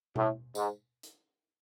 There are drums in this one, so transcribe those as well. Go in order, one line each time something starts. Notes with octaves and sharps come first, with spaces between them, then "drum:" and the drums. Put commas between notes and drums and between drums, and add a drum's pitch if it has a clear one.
A2, drum: tom B2
G#2, drum: tambourine
drum: hi-hat